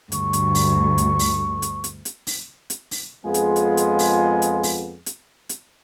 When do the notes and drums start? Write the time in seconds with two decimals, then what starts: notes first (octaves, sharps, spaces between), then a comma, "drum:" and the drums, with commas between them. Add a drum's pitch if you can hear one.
0.12 D2 G2 C#6, drum: hi-hat
0.33 drum: hi-hat
0.55 drum: open hi-hat
0.98 drum: hi-hat
1.19 drum: open hi-hat
1.62 drum: hi-hat
1.84 drum: hi-hat
2.05 drum: hi-hat
2.27 drum: open hi-hat
2.70 drum: hi-hat
2.91 drum: open hi-hat
3.25 F2 G#3 B3 F4 G#4
3.34 drum: hi-hat
3.56 drum: hi-hat
3.77 drum: hi-hat
3.99 drum: open hi-hat
4.42 drum: hi-hat
4.63 drum: open hi-hat
5.06 drum: hi-hat
5.49 drum: hi-hat